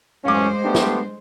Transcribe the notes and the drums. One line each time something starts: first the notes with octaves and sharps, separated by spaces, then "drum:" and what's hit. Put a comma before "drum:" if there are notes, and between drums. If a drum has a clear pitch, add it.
A1 F#2 G#3 C#4 C5 F5 D6
A3 B3 D4 G4
drum: snare